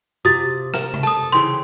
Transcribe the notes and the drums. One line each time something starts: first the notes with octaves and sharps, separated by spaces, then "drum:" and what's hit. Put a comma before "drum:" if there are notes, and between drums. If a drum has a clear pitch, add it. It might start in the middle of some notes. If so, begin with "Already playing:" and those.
C3 F4 D#6 A6
A#4 E7, drum: rim click
drum: tom C3
A4 A5 D#6
C#3 E3 C4 C6